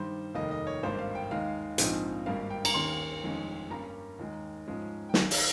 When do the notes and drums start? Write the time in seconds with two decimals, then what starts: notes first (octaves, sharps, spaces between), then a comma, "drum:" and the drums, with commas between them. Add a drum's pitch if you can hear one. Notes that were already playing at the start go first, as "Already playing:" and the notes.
Already playing: G2 D#3 G3 C5
0.34 F1 D#2 D#3 G3 A#3 D#5
0.51 D#5
0.67 C#5
0.83 G#1 G2 G3 A#3 C5
0.99 F5
1.15 G5
1.31 D#2 D#3 G#3 F5
1.78 A#1 G#2 F3 C4 D#4, drum: hi-hat
2.26 G#1 G2 G3 A#3 F5
2.50 G5
2.65 A#5, drum: cymbal
2.74 D#2 D#3 A#3 C#4 C6
3.23 G1 F2 D#3 G#3 C#4
3.70 G2 G3 A#3 C#4 A#5
4.19 D#2 D#3 G#3
4.67 G#2 F3 G#3 C#4
5.09 G5
5.14 D#2 D#3 A#3 G#5, drum: snare
5.31 F5, drum: open hi-hat